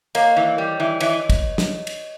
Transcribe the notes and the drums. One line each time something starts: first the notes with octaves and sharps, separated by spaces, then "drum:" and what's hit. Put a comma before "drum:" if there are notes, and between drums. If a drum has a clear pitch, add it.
A#3 C#5 D#5, drum: cymbal
E3
G3
E3
E3 C#5 D#5, drum: cymbal
drum: kick, cymbal
drum: snare
drum: cymbal